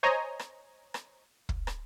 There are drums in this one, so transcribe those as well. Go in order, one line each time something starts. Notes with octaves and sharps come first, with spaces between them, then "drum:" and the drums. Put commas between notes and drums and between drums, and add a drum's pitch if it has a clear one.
C5 C#5 D#5 G#5 A#5
drum: rim click
drum: rim click
drum: kick
drum: rim click